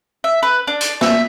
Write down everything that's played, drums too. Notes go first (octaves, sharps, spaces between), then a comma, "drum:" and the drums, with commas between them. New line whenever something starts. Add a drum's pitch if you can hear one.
E5
B4
D4
drum: hi-hat
E5, drum: snare